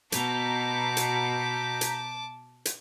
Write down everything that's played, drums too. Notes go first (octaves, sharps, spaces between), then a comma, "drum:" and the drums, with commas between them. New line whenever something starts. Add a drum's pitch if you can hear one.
B2 A5 A#5 D6 G6 B6, drum: hi-hat
drum: hi-hat
drum: hi-hat
drum: hi-hat